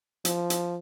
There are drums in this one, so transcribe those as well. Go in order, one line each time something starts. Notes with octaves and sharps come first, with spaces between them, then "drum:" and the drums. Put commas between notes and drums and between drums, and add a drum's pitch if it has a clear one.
F3, drum: hi-hat
drum: hi-hat